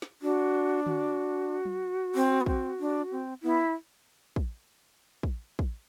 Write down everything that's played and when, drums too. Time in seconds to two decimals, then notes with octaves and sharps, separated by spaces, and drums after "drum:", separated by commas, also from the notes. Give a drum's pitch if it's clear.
0.02 drum: snare
0.22 D4 F#4
0.86 F#4, drum: tom D3
1.65 drum: tom F#3
2.15 C4
2.41 B3
2.46 C4, drum: kick
2.79 D4
3.11 C4
3.43 B3 E4
4.36 drum: kick
5.23 drum: kick
5.59 drum: kick